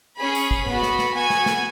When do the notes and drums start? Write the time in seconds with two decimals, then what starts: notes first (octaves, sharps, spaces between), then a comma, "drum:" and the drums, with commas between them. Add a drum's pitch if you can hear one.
0.19 C#4 G#4 B5
0.35 drum: tambourine
0.51 drum: kick
0.66 B3 F#4, drum: tom G#2
0.83 drum: snare
0.98 drum: snare
1.14 B3 F#4 G#5
1.30 drum: snare
1.46 drum: snare